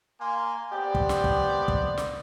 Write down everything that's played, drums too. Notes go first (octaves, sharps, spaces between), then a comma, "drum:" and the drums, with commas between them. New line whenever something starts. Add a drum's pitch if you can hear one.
A#3 G#5 C6
B3 C4 G4 D5
drum: kick
drum: snare
drum: kick
drum: kick
drum: snare